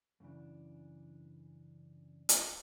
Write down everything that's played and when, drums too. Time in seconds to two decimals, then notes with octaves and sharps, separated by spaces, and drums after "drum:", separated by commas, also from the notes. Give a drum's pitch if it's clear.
0.20 F#2 C#3 E3 D4
2.29 drum: hi-hat